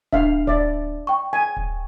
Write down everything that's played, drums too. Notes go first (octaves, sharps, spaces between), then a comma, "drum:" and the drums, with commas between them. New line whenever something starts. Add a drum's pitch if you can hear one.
D4 E5 F5, drum: kick D1
D5 E5, drum: kick D1
G5 C#6
G#5
drum: kick D1